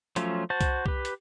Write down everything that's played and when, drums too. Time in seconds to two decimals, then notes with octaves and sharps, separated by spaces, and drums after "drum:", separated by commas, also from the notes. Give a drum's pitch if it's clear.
0.16 F3 F#3 A3 C#4 F4, drum: hi-hat
0.50 F#4 C5 A5
0.61 drum: kick C2, hi-hat
0.86 G4 B4, drum: kick C2
1.05 drum: hi-hat